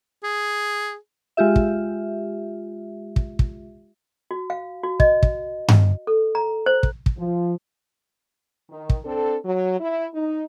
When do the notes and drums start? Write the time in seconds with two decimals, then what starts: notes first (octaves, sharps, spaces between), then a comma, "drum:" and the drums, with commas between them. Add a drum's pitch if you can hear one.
0.24 G#4
1.37 G#3 F4 G4 E5
1.56 drum: kick
3.16 drum: kick
3.39 drum: kick
4.31 F#4
4.50 F5
4.84 F#4
5.00 D#5, drum: kick
5.23 drum: kick
5.68 drum: tom G2
6.07 A4
6.35 A#5
6.66 C5
6.83 drum: kick
7.06 drum: kick
7.17 F3
8.70 D#3
8.90 drum: kick
9.05 C4 D4 A4
9.44 F#3
9.80 E4
10.14 D#4